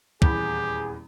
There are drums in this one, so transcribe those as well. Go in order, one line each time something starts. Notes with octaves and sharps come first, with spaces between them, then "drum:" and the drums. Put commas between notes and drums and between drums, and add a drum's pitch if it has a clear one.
D#1 E2 G4 G#4 B5, drum: kick